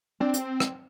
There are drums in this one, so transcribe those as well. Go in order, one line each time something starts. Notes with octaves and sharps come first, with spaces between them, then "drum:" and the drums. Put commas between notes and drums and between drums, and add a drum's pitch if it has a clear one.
C4 D4
drum: hi-hat
drum: rim click